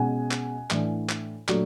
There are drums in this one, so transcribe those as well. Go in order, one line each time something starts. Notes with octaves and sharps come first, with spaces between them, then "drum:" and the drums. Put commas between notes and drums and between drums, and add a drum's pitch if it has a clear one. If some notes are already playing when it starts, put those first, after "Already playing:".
Already playing: B2 G#3 C#4 F#5 G#5
drum: clap
A2 E3 A3 D4, drum: clap
drum: clap
A#2 F#3 A3 D4, drum: clap